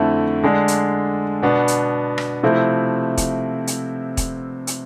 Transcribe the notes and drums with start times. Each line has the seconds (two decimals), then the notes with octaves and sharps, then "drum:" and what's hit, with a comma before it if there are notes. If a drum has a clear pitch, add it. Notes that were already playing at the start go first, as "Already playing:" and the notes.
Already playing: F2 D3 A3 C4 E4
0.44 D3 G#3 D4
0.68 drum: hi-hat
1.42 B2 B3 D4
1.68 drum: hi-hat
2.18 drum: rim click
2.43 C3 F3 A3 C4 E4
3.17 drum: kick, hi-hat
3.67 drum: hi-hat
4.17 drum: kick, hi-hat
4.67 drum: hi-hat